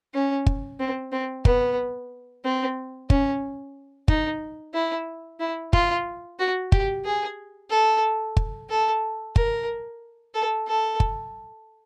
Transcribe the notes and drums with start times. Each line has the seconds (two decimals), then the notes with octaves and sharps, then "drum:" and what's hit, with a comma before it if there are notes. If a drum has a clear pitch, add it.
0.14 C#4
0.46 drum: kick
0.80 C4
1.12 C4
1.45 B3, drum: kick
2.45 C4
3.10 C#4, drum: kick
4.08 D#4, drum: kick
4.74 E4
5.40 E4
5.73 F4, drum: kick
6.39 F#4
6.72 G4, drum: kick
7.05 G#4
7.70 A4
8.37 drum: kick
8.70 A4
9.36 A#4, drum: kick
10.34 A4
10.68 A4
11.00 drum: kick